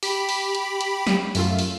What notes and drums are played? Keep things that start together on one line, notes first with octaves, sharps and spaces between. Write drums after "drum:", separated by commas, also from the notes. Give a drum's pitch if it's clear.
G4 B5, drum: open hi-hat
drum: open hi-hat
drum: hi-hat
drum: hi-hat
drum: snare
F#2 A3 F4, drum: open hi-hat
drum: open hi-hat